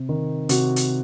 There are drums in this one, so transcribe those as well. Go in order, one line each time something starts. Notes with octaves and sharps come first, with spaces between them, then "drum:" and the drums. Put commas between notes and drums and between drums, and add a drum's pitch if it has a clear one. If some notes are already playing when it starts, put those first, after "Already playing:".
Already playing: C3
D#3
C3 F#4, drum: hi-hat
drum: hi-hat